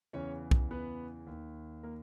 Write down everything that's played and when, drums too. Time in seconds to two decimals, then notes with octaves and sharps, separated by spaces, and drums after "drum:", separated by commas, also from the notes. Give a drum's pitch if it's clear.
0.13 E2 C#3 E3 C#4 C#5
0.51 drum: kick
0.71 B3 B4
1.27 D#2 D#3
1.83 A#3 A#4